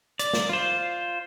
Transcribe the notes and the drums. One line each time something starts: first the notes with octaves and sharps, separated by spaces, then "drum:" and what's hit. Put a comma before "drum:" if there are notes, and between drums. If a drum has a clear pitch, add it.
D5, drum: hi-hat
drum: snare
F4 C5